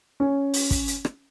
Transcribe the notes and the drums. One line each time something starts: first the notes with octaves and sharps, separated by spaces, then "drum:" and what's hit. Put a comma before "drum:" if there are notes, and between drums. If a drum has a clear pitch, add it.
C#4
drum: open hi-hat
drum: kick, hi-hat
drum: hi-hat
drum: rim click